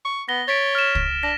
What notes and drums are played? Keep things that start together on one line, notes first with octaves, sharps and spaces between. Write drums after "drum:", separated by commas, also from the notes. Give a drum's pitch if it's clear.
C#6
B3 A#6 G7
C#5 A6 B6 D7
F6 E7
drum: kick
D4 A#6